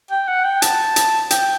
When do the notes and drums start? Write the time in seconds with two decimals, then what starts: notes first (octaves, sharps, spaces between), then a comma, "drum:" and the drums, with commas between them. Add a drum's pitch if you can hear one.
0.11 G5
0.28 F#5
0.45 G5
0.62 A5, drum: hi-hat
0.96 drum: hi-hat
1.30 G5, drum: hi-hat